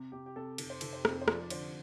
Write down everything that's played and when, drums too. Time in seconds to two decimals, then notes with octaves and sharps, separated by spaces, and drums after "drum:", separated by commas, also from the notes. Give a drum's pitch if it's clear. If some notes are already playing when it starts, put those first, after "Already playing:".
Already playing: C3
0.12 C3 G4
0.26 G4
0.36 C3 A4
0.58 F1 A4, drum: cymbal
0.70 C5
0.81 F1 A4, drum: cymbal
0.93 C5
1.05 F2 A4, drum: rim click
1.22 C5
1.28 F3 D5, drum: rim click
1.42 D5
1.50 D3 C5, drum: cymbal